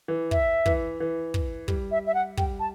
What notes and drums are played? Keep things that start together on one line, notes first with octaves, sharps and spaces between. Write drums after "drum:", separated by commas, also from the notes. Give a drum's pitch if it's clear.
E3
E5, drum: kick
E3, drum: kick
E3
drum: kick
G3, drum: kick
E5
E5
F#5
G3 G5, drum: kick
A5